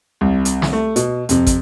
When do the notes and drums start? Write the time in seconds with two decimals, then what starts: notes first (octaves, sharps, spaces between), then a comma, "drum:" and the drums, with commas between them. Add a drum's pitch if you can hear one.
0.21 C2
0.45 drum: hi-hat
0.62 drum: snare
0.73 A3
0.96 B2, drum: hi-hat
1.29 F2 C3, drum: hi-hat
1.47 drum: kick, hi-hat